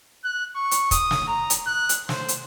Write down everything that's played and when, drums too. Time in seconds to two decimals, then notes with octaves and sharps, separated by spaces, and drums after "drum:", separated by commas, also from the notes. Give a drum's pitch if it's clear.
0.24 F#6
0.56 C#6
0.71 drum: hi-hat
0.91 D#6, drum: kick, hi-hat
1.11 drum: snare
1.27 A#5
1.50 drum: hi-hat
1.66 F#6
1.89 drum: hi-hat
2.09 C5, drum: snare
2.28 drum: hi-hat